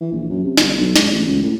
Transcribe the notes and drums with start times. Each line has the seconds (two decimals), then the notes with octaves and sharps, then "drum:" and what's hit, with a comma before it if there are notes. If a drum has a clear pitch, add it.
0.01 E3
0.12 A#1
0.29 F#2
0.44 C3
0.57 G1, drum: snare
0.78 B1
0.96 G#2, drum: snare
1.11 A1
1.27 C#2
1.43 A2